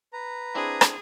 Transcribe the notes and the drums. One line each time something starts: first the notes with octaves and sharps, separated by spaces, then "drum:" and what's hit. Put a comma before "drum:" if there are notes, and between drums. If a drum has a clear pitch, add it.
B4 A#5
C4 D4 E4 G#4
drum: rim click